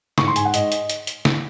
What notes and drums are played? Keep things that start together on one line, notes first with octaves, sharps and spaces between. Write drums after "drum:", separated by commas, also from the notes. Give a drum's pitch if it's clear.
G#2 C#6, drum: snare
C6
G#2 G#5, drum: hi-hat
F#5
G#2 D#5, drum: hi-hat
drum: hi-hat
drum: hi-hat
drum: hi-hat
drum: snare